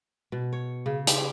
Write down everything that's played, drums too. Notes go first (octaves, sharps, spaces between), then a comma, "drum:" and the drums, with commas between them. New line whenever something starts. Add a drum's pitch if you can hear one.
B2
C#5
C#3
G4, drum: hi-hat